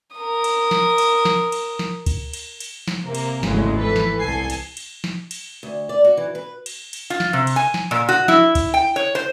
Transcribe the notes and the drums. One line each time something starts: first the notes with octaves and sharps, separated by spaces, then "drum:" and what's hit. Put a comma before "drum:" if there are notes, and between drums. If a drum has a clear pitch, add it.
A#4 D#6
drum: cymbal
drum: snare
drum: cymbal
drum: snare
drum: cymbal
drum: snare
drum: kick, cymbal
drum: cymbal
drum: cymbal
drum: snare
C3 A#3
drum: cymbal
G#1 E2 A2 C#3 F#3 G#3, drum: snare
E3 A4 B4
drum: snare
C2 A4 G#5 C7
drum: cymbal
drum: cymbal
drum: snare
drum: cymbal
D2
D5
F#4
E3
B4
drum: cymbal
drum: cymbal
F4
drum: snare
C3
drum: cymbal
G#5
drum: snare
A#2
F#4
E4, drum: snare
drum: kick, cymbal
G5
C#5
C5